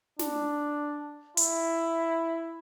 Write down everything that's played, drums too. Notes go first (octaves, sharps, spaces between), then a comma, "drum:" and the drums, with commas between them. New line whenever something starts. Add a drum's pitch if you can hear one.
D4, drum: snare
E4, drum: hi-hat